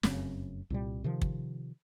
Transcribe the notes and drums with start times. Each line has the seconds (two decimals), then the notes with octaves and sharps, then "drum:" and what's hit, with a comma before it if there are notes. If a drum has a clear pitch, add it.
0.03 F1 F#2 C#3 C4, drum: snare
0.70 C2 A#2 G3
1.04 C3 D#3 F3
1.22 drum: kick